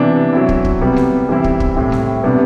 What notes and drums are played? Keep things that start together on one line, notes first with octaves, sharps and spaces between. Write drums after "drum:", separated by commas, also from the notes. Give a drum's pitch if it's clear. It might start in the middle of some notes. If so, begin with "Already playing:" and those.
Already playing: C3 E3 B3 D4
F#3 C4 E4
drum: kick
drum: kick
C3 G3 B3
drum: snare
E3 G3 C4 E4
drum: kick
drum: kick
A2 G3 C4 E4
drum: snare
C3 G3 B3 D4